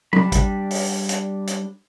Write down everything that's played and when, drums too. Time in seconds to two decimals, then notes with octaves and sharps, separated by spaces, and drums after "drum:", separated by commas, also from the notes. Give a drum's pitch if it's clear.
0.13 G3 D4 B5, drum: tom F#3
0.32 drum: kick, hi-hat
0.70 drum: open hi-hat
1.09 drum: hi-hat
1.47 drum: hi-hat